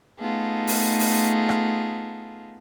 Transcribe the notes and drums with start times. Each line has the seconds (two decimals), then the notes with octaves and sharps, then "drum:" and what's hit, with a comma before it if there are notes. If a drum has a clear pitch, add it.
0.20 A3 B3 D#4 F4 G#4 A4
0.67 drum: open hi-hat
0.99 drum: open hi-hat
1.49 drum: rim click